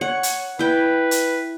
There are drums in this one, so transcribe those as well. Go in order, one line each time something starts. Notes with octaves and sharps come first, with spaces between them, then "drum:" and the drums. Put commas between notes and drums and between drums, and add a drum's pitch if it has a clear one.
C#5 F#5
drum: hi-hat
E4 B4 G5
drum: hi-hat